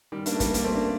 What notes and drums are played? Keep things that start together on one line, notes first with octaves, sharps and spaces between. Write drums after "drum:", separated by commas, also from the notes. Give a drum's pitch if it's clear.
D#3 G3
A#3 D4, drum: hi-hat
A3
G3 A#3, drum: kick, hi-hat
G3 A#3, drum: hi-hat
A3 C4
A#3 D4